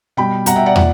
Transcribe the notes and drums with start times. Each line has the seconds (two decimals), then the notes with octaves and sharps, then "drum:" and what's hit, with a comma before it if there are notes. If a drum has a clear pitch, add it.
0.17 B2 G3 G5 B5
0.46 B2 G3 F#5 A#5, drum: hi-hat
0.56 E5 G5
0.66 D5 F#5
0.76 A#2, drum: tom